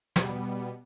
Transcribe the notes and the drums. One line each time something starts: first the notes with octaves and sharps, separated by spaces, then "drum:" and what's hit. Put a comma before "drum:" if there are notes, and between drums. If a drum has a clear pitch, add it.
B2 G3 B3, drum: snare